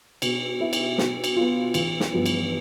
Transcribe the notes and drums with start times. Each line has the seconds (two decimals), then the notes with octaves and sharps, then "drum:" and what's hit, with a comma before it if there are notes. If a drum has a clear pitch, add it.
0.22 B2, drum: cymbal
0.60 B3 E4
0.73 drum: cymbal
0.98 B2, drum: snare
1.24 drum: cymbal
1.36 B3 F4
1.74 A1, drum: cymbal
2.00 drum: snare
2.13 G2 F3 B3
2.26 drum: cymbal